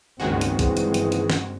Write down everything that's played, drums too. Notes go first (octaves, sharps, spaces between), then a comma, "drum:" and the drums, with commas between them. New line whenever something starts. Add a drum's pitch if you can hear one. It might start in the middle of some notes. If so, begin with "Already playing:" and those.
F#1 C#2 G2 D#3 G#3 C4 F#4
drum: hi-hat
E3 G#4, drum: kick, hi-hat
drum: hi-hat
drum: hi-hat
drum: hi-hat
drum: snare